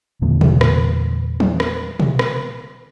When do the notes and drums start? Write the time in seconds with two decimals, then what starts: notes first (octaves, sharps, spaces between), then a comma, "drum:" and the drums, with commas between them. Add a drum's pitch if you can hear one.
0.21 E2 A#2 D3 G#3
0.41 drum: tom
0.61 drum: rim click
1.40 drum: tom
1.60 drum: rim click
2.00 drum: tom
2.19 drum: rim click